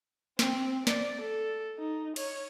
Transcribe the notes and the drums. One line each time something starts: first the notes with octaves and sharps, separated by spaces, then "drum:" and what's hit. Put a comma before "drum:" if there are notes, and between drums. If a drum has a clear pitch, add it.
C4, drum: snare
D5, drum: snare
A4
D#4
C#5, drum: cymbal